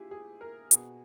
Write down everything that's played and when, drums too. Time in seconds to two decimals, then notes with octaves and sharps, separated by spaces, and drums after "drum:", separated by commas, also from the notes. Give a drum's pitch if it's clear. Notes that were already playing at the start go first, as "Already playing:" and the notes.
Already playing: A#2 E4 G4 G#4
0.11 G#4
0.41 A#4
0.71 B2 G#4, drum: hi-hat